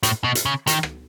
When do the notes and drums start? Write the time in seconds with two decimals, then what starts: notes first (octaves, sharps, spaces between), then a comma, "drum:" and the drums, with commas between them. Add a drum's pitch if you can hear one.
0.03 A2, drum: hi-hat
0.24 B2
0.35 drum: hi-hat
0.46 C#3
0.67 D#3, drum: hi-hat
0.83 drum: rim click